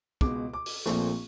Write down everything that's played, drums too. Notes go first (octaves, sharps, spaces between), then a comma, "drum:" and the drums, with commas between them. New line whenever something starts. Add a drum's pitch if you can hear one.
C#2 B2 G#3 D6, drum: kick
D6
drum: open hi-hat
A#1 A#2 F3 A3 C4 C#6, drum: snare